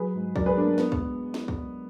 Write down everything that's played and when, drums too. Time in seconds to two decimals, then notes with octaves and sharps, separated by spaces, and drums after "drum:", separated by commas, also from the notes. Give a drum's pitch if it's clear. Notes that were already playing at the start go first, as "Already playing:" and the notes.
Already playing: F#3 G#4 B4
0.14 G#2
0.36 F#2 A#4 D5, drum: kick
0.46 G#4 B4
0.56 G#3 A#3 D4
0.67 A#3
0.78 B3, drum: snare
0.92 drum: kick
1.34 drum: snare
1.48 drum: kick